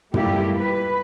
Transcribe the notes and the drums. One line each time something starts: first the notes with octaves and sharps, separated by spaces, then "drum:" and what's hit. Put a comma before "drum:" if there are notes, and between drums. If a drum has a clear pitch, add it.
G3 A3 A#3 E4 F4 G4, drum: tom
B4